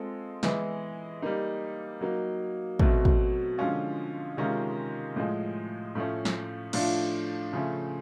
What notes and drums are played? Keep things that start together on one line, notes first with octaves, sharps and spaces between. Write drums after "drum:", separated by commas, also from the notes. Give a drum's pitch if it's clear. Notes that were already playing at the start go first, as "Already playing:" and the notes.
Already playing: G#3 C4 F4 A4
E3 G#3 B3 E4, drum: snare
G3 A#3 D#4
F#3 A#3 D#4
B2 F#3 A3 C4, drum: kick
drum: kick
D3 F3 G#3 C#4 F4
C3 D#3 G#3 C#4 F4
A2 F3 G#3
A2 F3 A3 C#4
drum: snare
A2 F3 A3 D4 F4, drum: cymbal
C#3 F3 A3 C#4